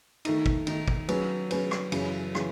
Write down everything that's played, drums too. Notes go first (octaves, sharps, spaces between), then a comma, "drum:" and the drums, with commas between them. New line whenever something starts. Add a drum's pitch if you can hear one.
D#3 A3 D#4, drum: cymbal
drum: kick
D#3 A3 D#4, drum: cymbal
drum: kick
F#3 C#4 G#4 B4, drum: cymbal
F#3 C#4 G#4 B4, drum: cymbal
drum: rim click
F#2 C#3 E3, drum: cymbal
C#3 E3, drum: rim click